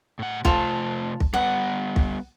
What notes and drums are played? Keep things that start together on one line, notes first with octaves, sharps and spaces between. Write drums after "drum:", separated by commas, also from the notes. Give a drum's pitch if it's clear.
A2 F#5
C3 A3 F4 A4 C5, drum: kick
drum: kick
G3 B3 B4 F#5
drum: kick